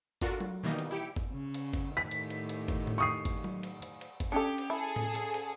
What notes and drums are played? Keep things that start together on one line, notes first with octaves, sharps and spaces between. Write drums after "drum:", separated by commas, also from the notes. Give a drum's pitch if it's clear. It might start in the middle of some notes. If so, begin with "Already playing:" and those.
D4 F4 F#4 A4 A#4, drum: kick G1, cymbal
drum: tom F#3
B2 D#3 E3 G3 A#3 D#4
drum: cymbal
E4 G4 C#7 D7
drum: kick G1
C#3
drum: cymbal
drum: kick G1, cymbal
A2 D#3 G4 B6
drum: cymbal
drum: cymbal
drum: cymbal
drum: kick G1, cymbal
drum: tom A2
C#6 D#6 C7
drum: kick G1, cymbal
drum: tom F#3
drum: cymbal
drum: cymbal
drum: cymbal
drum: kick G1, cymbal
C#4 D4 G4 A4 D#6 C#7
drum: cymbal
E4 G#4 A4
drum: tom A2
drum: cymbal
drum: cymbal